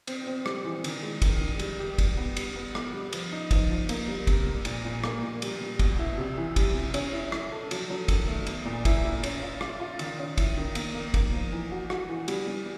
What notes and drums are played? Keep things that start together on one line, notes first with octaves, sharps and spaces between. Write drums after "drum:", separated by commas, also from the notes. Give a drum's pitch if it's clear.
C4, drum: cymbal
C4
G3, drum: rim click
E3
D#3, drum: cymbal
G#3
D#3, drum: kick, cymbal
D#3
G3, drum: cymbal
G4
G3, drum: kick, cymbal
B3
G3, drum: cymbal
B3
B3, drum: rim click
G3
F3, drum: cymbal
D#4
F3, drum: kick, cymbal
F3
A#3, drum: cymbal
G3
C3, drum: kick, cymbal
G3
A#2, drum: cymbal
A#2
A#3, drum: rim click
A#2
G3, drum: cymbal
G3
B2, drum: kick, cymbal
E4
C3
E3
G3, drum: kick, cymbal
C3
C#4, drum: cymbal
E4
E4, drum: rim click
A4
F#3, drum: cymbal
F#3
D#3, drum: kick, cymbal
A3
B3, drum: cymbal
A#2
E4, drum: kick, cymbal
E4
C#4, drum: cymbal
F4
F4, drum: rim click
F4
D#3, drum: cymbal
C#4
E4, drum: kick, cymbal
D#3
A#3, drum: cymbal
A#3
A#3, drum: kick, cymbal
F3
E3
F#4
F#4, drum: rim click
E3
G3, drum: cymbal
G3